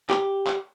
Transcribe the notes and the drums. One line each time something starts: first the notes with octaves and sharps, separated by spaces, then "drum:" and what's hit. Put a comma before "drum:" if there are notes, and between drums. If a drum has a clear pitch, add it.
G4, drum: clap
drum: clap